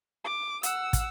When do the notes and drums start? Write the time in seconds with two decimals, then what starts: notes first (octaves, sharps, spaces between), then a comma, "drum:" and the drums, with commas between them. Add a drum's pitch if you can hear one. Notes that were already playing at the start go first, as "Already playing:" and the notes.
0.24 D6
0.63 F#5 E6, drum: hi-hat
0.93 drum: kick, hi-hat